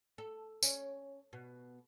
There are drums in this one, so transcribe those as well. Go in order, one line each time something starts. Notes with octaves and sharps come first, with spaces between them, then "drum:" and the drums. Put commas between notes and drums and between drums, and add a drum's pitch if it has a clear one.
A4
C#4, drum: tambourine
B2